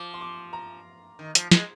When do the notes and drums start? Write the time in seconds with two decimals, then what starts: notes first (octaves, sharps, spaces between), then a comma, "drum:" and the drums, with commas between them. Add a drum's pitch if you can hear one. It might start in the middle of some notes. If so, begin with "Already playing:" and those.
Already playing: F3 D6
0.14 C6
0.21 D6
0.53 A#5
1.19 D#3
1.35 F3, drum: hi-hat
1.51 G#3, drum: snare